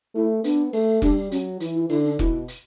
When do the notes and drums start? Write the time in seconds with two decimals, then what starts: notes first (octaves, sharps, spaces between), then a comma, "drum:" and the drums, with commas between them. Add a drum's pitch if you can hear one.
0.15 A3 E4
0.44 B3 D4, drum: hi-hat
0.73 A3, drum: open hi-hat
1.02 G3 D4, drum: kick, open hi-hat
1.31 F#3 C#4, drum: hi-hat
1.60 E3 E4, drum: hi-hat
1.75 E4
1.90 D3 E4, drum: open hi-hat
2.05 D4
2.19 B2 E4, drum: kick
2.48 drum: hi-hat